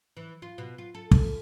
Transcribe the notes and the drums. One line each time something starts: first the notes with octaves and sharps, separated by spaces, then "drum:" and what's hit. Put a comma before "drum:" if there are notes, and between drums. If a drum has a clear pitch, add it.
E3
F4
B2
F4
A4
drum: kick